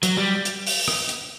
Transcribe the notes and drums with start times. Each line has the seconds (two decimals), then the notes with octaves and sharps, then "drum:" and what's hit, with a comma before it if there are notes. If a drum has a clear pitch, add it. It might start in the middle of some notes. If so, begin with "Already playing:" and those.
0.03 F#3, drum: hi-hat
0.17 G3
0.45 drum: hi-hat
0.67 drum: open hi-hat
0.88 drum: rim click
1.09 drum: hi-hat